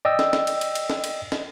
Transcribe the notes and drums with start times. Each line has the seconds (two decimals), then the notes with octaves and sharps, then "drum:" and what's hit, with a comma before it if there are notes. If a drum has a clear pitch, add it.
0.05 D5 D#5 G5 E6
0.19 drum: snare
0.33 drum: snare
0.47 drum: cymbal
0.61 drum: cymbal
0.75 drum: cymbal
0.90 drum: snare
1.04 drum: cymbal
1.32 drum: snare